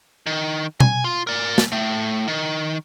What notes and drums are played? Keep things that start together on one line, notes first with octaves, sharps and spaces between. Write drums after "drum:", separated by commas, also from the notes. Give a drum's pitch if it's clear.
D#3
G#5, drum: tom B2
F4
A#4 D5
drum: snare
A2 A3
D#3